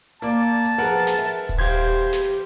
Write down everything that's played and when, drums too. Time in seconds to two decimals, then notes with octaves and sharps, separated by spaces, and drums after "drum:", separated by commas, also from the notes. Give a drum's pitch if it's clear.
0.22 A#3 D5 A5, drum: hi-hat
0.65 drum: hi-hat
0.78 F3 G#4 A#4 B4 F#5
1.07 drum: snare
1.18 E5
1.49 drum: kick D#1, hi-hat
1.58 E2 G3 G4 C5 F5 G6 G#6
1.91 drum: hi-hat
2.13 drum: snare